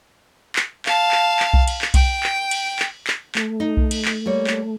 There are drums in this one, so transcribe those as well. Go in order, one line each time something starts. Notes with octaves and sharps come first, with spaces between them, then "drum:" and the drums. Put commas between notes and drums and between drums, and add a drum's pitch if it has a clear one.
drum: clap
F5 A5, drum: clap
drum: clap
drum: clap
drum: kick B1
drum: cymbal
drum: clap
G5, drum: kick B1, cymbal
drum: clap
drum: cymbal
drum: clap
drum: clap
A3, drum: clap
D#4
drum: kick B1
drum: cymbal
drum: clap
G3 A#3 C#5
drum: clap